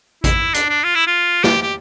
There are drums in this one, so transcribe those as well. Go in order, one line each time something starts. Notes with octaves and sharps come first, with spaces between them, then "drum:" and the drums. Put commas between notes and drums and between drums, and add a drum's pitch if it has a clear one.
E4, drum: kick A1, hi-hat
D4, drum: hi-hat
D4
F4
E4
F4
G4, drum: snare
G4